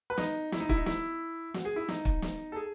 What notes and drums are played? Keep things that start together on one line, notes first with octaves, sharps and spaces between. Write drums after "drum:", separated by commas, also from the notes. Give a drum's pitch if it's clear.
B4
D#4, drum: snare
E4, drum: snare
D#4
E4, drum: kick
D#4
E4, drum: snare
F#4, drum: snare
G#4
E4
D#4, drum: snare
drum: kick
drum: snare
A4
G#4